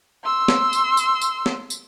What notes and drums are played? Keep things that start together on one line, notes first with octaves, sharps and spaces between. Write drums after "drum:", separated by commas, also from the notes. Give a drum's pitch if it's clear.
C6 E6
drum: snare
drum: tambourine
drum: tambourine
drum: tambourine
drum: snare
drum: tambourine